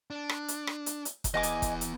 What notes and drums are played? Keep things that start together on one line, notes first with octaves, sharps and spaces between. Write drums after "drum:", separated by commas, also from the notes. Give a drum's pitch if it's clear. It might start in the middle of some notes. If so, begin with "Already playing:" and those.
D4
drum: rim click
drum: hi-hat
drum: rim click
drum: hi-hat
drum: hi-hat
drum: kick E1, hi-hat
E3 B3 D#5 G#5 D6
drum: hi-hat
drum: kick E1, hi-hat
drum: hi-hat